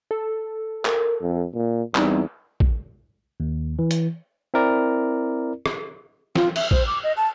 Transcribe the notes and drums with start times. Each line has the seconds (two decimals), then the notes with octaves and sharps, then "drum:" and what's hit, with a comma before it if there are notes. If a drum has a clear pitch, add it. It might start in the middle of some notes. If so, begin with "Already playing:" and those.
0.11 A4
0.85 A#4, drum: clap
1.21 F2
1.54 A#2
1.95 E2 G3 C4 D#4, drum: clap
2.60 drum: kick
3.40 D#2
3.79 E3
3.91 drum: hi-hat
4.54 C4 E4 A#4 D5
5.66 drum: rim click
6.35 F4, drum: snare
6.56 E5, drum: cymbal
6.71 C5, drum: kick
6.87 D6
7.04 D#5
7.17 A5